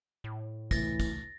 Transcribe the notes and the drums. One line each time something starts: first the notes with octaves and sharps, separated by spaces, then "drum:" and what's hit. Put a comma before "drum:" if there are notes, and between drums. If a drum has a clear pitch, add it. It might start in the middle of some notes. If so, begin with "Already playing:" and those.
A2
C#2 C3 E3 A3 A6 A#6, drum: kick, tambourine
drum: kick, tambourine